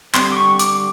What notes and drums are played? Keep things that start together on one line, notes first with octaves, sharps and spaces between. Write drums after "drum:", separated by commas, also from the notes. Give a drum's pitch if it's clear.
D3 G3 C4 C6, drum: clap
D6
C#6
D6, drum: hi-hat